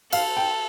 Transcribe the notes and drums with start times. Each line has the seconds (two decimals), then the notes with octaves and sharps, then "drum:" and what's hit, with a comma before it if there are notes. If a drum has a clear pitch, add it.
0.13 A4 F5, drum: cymbal
0.37 G5